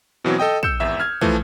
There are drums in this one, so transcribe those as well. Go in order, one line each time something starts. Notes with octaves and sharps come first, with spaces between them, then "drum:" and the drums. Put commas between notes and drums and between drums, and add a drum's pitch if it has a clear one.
B2 E3 F#3 C4
A4 D#5 G5 D#6
E6 G6 C#7 E7, drum: kick
G#1 E2 E5 E6
F6 G#6
E3 F3 A3, drum: kick